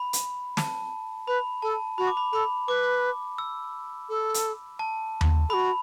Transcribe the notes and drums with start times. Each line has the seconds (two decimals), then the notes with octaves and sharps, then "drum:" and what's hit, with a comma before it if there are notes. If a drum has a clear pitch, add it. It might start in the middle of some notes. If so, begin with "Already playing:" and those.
Already playing: B5
0.13 drum: hi-hat
0.57 A5, drum: snare
1.27 B4 B5
1.62 A4 A5
1.98 F#4 B5
2.07 D6
2.17 B5
2.32 A4 B5
2.68 B4 D6
3.38 E6
4.09 A4
4.34 drum: hi-hat
4.79 A5
5.21 drum: tom D#2
5.49 F#4 A4 B5